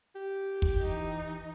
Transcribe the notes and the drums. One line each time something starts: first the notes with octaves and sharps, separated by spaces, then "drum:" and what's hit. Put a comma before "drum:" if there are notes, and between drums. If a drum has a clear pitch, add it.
G4
drum: kick
E3 D#4